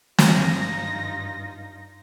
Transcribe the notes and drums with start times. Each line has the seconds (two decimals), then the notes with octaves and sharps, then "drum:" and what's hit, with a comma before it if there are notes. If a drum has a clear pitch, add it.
0.18 G2 D#4 F4 A#6, drum: snare